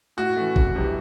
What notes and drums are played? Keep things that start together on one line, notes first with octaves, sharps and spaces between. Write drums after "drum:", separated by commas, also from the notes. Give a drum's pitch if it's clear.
A2 F#4
E3 A3
F1, drum: kick
F2 C3 E3 G3